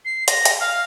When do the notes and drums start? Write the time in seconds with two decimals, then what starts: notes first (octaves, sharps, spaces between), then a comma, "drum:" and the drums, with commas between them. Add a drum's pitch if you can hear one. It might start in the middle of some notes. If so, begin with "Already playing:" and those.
0.05 C7
0.28 A#6, drum: hi-hat
0.45 drum: hi-hat
0.60 F5